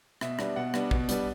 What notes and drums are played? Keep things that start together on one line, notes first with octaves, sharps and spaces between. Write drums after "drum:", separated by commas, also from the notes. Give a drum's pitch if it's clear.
B2 E5, drum: rim click
G3 B3 D4, drum: rim click
B2 F#5
G3 B3 D4, drum: rim click
B2, drum: kick A#1
G3 B3 D4, drum: hi-hat